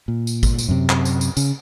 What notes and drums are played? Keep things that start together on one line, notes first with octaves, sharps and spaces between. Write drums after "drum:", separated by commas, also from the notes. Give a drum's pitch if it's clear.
A#2
drum: tambourine
drum: kick G#1, tambourine
drum: tambourine
F#2 C3
drum: clap
drum: tambourine
drum: tambourine
C#3, drum: tambourine